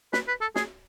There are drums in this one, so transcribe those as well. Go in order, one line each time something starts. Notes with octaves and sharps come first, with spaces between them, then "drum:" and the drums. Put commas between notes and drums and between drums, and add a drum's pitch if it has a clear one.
B4, drum: snare
B4
A4
G#4, drum: snare